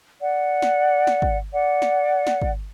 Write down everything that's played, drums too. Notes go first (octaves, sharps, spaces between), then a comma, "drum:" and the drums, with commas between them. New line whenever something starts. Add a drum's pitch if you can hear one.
D5 F#5
drum: snare
drum: snare
drum: kick
D5 F#5
drum: snare
drum: snare
drum: kick